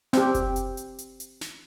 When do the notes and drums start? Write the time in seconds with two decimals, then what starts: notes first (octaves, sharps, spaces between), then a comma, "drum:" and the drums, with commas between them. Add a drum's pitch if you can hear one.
0.13 C4 G4, drum: snare
0.35 drum: kick F#1, hi-hat
0.56 drum: hi-hat
0.77 drum: hi-hat
0.98 drum: hi-hat
1.20 drum: hi-hat
1.41 drum: snare